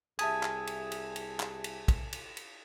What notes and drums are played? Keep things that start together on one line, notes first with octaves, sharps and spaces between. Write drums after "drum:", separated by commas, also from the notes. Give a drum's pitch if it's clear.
C2 G4 G#4 E5 G#5 A5 D#6, drum: cymbal
drum: clap
drum: cymbal
drum: cymbal
drum: cymbal
drum: clap
drum: cymbal
drum: kick, cymbal
drum: cymbal
drum: cymbal